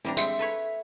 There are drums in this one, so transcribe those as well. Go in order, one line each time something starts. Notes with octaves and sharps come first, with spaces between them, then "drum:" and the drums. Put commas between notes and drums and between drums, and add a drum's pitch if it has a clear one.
E3 G3 C4 D4 A#5
G#3 C4 E5, drum: tambourine
A4 B4 C#5